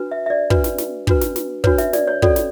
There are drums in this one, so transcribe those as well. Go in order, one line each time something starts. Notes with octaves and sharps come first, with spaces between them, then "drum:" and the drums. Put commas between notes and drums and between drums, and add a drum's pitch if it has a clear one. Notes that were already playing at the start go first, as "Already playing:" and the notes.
Already playing: D4 F#4 B4
E5
E5
D5
D4 F#4 B4, drum: kick
drum: snare
drum: snare
D4 F#4 B4, drum: kick
drum: snare
drum: snare
D4 F#4 B4 C#5, drum: kick
E5, drum: snare
D5, drum: snare
C#5
C#4 F#4 A4 C#5 D5, drum: kick
drum: snare